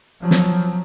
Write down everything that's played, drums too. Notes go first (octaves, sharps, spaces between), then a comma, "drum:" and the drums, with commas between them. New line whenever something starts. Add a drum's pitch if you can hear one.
F3 F#3
drum: snare